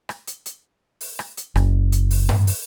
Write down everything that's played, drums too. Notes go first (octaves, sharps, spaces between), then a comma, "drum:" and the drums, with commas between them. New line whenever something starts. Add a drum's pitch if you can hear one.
drum: rim click
drum: hi-hat
drum: hi-hat
drum: open hi-hat
drum: rim click
drum: hi-hat
F#1, drum: rim click
drum: hi-hat
drum: open hi-hat
drum: tom G2
drum: open hi-hat